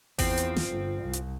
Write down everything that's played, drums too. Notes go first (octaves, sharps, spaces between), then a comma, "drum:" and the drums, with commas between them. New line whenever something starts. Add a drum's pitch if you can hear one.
E2 F3 C4, drum: kick G#1, open hi-hat
drum: hi-hat
drum: snare
G1
C2
drum: hi-hat